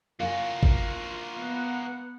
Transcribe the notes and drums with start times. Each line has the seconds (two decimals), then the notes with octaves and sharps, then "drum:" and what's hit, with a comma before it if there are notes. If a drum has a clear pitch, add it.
0.20 A#3 F4 F#4 F5 G#5
0.63 drum: kick
1.34 B3 F#5